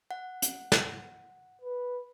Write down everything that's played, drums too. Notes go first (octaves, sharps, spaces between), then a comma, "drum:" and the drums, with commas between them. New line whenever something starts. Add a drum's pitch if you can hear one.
F#5
drum: hi-hat
drum: snare
B4